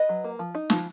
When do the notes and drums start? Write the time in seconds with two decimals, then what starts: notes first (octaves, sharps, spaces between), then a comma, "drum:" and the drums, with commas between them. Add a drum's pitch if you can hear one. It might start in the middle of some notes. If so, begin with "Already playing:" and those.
Already playing: B4 D#5
0.09 F#3
0.24 A#3
0.39 F3
0.55 D#4
0.70 F3, drum: snare